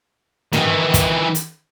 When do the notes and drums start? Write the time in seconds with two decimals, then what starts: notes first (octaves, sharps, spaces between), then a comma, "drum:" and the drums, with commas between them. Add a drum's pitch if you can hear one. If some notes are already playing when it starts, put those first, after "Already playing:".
0.53 D#3 E3, drum: tom
0.94 drum: kick, hi-hat
1.35 drum: hi-hat